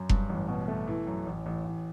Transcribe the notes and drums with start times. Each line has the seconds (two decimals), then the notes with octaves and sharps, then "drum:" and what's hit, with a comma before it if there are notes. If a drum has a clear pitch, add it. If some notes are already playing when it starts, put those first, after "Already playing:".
Already playing: F#2
0.09 G2, drum: kick F1
0.29 A1
0.48 B2
0.68 A3
0.87 E3
1.07 F#2
1.26 A1
1.46 A1
1.65 A1